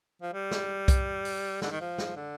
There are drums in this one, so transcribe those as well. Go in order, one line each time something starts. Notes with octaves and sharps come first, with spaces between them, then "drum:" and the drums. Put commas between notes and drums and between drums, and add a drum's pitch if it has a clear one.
F3
G3
drum: snare
drum: kick B1, hi-hat
drum: open hi-hat
D3, drum: snare
D#3
F3
drum: snare
D3